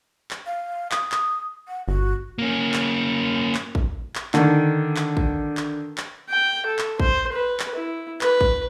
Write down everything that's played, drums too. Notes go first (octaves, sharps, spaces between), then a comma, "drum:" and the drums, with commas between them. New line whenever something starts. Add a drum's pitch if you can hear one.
drum: clap
F5
D#6, drum: clap
drum: clap
F#5
G1 F#4
A#3 C#4
drum: clap
drum: clap
drum: kick
drum: clap
D3 D#3, drum: clap
drum: clap
drum: kick
drum: clap
drum: clap
G5
A4
drum: clap
C5, drum: kick
B4
drum: clap
E4
B4, drum: clap
drum: kick